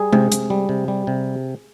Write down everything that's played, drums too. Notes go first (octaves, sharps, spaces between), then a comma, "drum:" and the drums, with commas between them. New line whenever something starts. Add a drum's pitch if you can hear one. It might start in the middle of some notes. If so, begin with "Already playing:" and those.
Already playing: G3 G#4
C3, drum: tom G#3
C3, drum: hi-hat
G3
C3
G3
C3